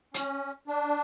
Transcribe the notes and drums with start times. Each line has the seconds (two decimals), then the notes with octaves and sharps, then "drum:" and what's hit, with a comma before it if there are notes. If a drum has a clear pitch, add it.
0.14 C#4, drum: hi-hat
0.68 D4